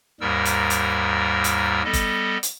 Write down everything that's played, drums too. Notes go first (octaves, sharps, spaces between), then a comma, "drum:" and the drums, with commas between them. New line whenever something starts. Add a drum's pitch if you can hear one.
D#2 G#2 G3 A#4 E6
drum: hi-hat
drum: hi-hat
drum: hi-hat
G3 B3 A4 D#5
drum: kick G1, hi-hat
drum: hi-hat